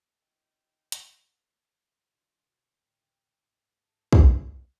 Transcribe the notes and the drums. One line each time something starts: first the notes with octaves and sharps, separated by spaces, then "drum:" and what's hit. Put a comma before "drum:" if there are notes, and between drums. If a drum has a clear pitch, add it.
G#1 A#2 F3 D#4 G5
drum: hi-hat
A#2 D3 F#3 F4
B2
A2 D3 F3 G5
F2 G#2
A4
drum: kick